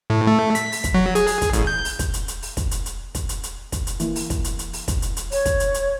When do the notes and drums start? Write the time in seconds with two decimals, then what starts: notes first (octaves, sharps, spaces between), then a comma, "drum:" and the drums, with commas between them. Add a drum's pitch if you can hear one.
0.10 A2
0.27 A3
0.55 B6, drum: hi-hat
0.72 B6, drum: open hi-hat
0.84 drum: kick, hi-hat
0.94 F#3
1.15 G#4, drum: hi-hat
1.27 drum: open hi-hat
1.41 drum: kick, hi-hat
1.53 A1, drum: hi-hat
1.67 G6
1.85 drum: open hi-hat
1.99 drum: kick, hi-hat
2.14 drum: hi-hat
2.28 drum: hi-hat
2.42 drum: open hi-hat
2.57 drum: kick, hi-hat
2.71 drum: hi-hat
2.86 drum: hi-hat
3.15 drum: kick, hi-hat
3.29 drum: hi-hat
3.43 drum: hi-hat
3.72 drum: kick, hi-hat
3.87 drum: hi-hat
4.00 E3 A#3, drum: hi-hat
4.16 drum: open hi-hat
4.30 drum: kick, hi-hat
4.44 drum: hi-hat
4.59 drum: hi-hat
4.73 drum: open hi-hat
4.88 drum: kick, hi-hat
5.02 drum: hi-hat
5.17 drum: hi-hat
5.32 C#5, drum: open hi-hat
5.45 drum: kick, hi-hat
5.60 drum: hi-hat
5.74 drum: hi-hat